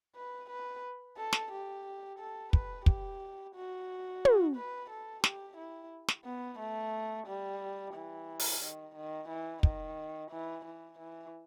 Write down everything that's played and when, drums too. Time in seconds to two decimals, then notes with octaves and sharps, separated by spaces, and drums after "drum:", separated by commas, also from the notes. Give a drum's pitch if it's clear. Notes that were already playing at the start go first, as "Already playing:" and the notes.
0.16 B4
0.50 B4
1.18 A4
1.33 drum: snare
1.52 G4
2.19 A4
2.53 B4, drum: kick
2.86 G4, drum: kick
3.55 F#4
4.25 drum: tom
4.56 B4
4.90 A4
5.24 G4, drum: snare
5.57 E4
6.08 drum: snare
6.25 B3
6.59 A3
7.27 G3
7.94 E3
8.39 drum: open hi-hat
8.62 D#3
8.95 D#3
9.29 E3
9.63 D#3, drum: kick
10.31 E3
10.65 E3
10.99 E3